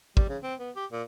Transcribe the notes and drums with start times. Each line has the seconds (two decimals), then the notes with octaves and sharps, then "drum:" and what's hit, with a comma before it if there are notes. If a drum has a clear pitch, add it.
0.17 G3, drum: kick
0.29 C#3
0.43 C4
0.59 B3
0.76 G4
0.92 A#2